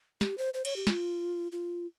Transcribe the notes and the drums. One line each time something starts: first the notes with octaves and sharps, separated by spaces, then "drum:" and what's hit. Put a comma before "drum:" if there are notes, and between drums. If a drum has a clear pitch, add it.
G4, drum: snare
C5
C5
C#5, drum: cymbal
G4
F4, drum: snare
F4